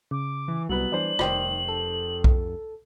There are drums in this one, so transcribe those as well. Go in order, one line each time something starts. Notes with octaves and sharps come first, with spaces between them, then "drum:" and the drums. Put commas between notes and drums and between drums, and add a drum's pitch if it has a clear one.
C#3 D6
E3
C2 F#3 G3 B3 F#7
E3 D4 C5
F1 D#3 C5 D5, drum: rim click
A4
drum: kick B1